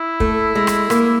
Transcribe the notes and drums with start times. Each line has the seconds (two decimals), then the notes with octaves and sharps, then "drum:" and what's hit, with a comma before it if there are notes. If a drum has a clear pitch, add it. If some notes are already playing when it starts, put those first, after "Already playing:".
Already playing: E4
0.20 A3, drum: kick
0.55 G#3
0.67 drum: rim click
0.90 A#3, drum: rim click